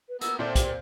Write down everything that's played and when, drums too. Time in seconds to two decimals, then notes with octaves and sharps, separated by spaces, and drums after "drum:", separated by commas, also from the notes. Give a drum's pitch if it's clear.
0.09 B4
0.21 A#3 B3 E6, drum: hi-hat
0.39 A#2 C4 A4 C5 D5 E5 G5
0.55 G4, drum: kick, hi-hat